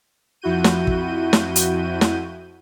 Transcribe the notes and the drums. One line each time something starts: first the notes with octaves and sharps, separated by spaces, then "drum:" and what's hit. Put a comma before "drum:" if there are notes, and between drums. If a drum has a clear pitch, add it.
F2 E4 F#4 G6 D#7
drum: snare
drum: kick
drum: snare
drum: hi-hat
drum: snare